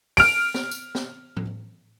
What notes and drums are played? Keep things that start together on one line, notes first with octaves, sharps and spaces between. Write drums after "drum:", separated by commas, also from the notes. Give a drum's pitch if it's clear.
F6 D7, drum: open hi-hat
drum: snare
drum: tambourine
drum: snare
drum: tom